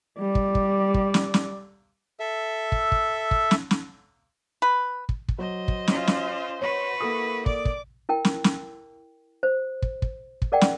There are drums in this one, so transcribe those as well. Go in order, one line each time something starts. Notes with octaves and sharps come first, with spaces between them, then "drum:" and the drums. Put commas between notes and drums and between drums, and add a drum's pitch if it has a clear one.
G3 D5
drum: kick
drum: kick
drum: kick
drum: snare
drum: snare
A4 E5
drum: kick
drum: kick
drum: kick
drum: snare
drum: snare
B4
drum: kick
drum: kick
F#3 C5 D#5
drum: kick
C#4 F4, drum: snare
drum: snare
F#4 B4 C#5
A#3 E4 A4 D#6
D5 D6, drum: kick
drum: kick
E4 A#4 G5
drum: snare
drum: snare
C5
drum: kick
drum: kick
drum: kick
G#4 A#4 D5 F#5 G5
drum: snare